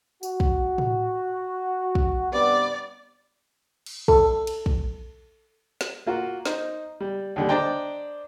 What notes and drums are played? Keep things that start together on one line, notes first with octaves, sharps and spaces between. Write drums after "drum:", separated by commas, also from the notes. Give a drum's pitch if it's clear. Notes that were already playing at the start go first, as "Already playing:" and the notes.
F#4, drum: tambourine
drum: kick
drum: tom A2
drum: kick
G2 C3 B3 D5
drum: cymbal
A4, drum: kick
drum: cymbal
drum: kick
drum: snare
A#3 F4 F#4
D#4 C5, drum: snare
G3
D#2 D3 G3
D4 C5 D5 D#5 G5 A#5